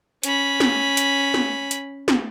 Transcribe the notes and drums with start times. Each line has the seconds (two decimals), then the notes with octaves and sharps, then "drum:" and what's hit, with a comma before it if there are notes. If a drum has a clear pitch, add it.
0.23 C#4 B5, drum: hi-hat
0.60 drum: snare
0.97 drum: hi-hat
1.34 drum: snare
1.71 drum: hi-hat
2.08 drum: snare